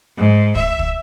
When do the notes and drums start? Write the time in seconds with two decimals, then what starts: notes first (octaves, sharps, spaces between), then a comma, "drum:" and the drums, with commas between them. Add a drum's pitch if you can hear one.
0.16 G#2
0.55 E5, drum: kick
0.79 drum: kick